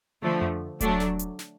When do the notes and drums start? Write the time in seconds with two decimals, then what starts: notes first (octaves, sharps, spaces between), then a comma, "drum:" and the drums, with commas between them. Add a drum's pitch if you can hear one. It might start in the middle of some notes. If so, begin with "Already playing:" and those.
0.22 D3 F3 A3
0.42 drum: tom F2
0.80 F#3 A3 D4, drum: kick D#1, hi-hat
1.00 drum: snare
1.19 drum: hi-hat
1.39 drum: snare